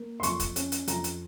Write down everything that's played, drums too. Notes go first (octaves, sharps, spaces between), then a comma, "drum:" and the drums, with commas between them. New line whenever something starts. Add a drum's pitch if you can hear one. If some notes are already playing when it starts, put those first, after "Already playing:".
Already playing: A#3
C6
F2 C#6, drum: hi-hat
drum: kick, hi-hat
C#4, drum: hi-hat
drum: hi-hat
F2 A#5, drum: hi-hat
drum: hi-hat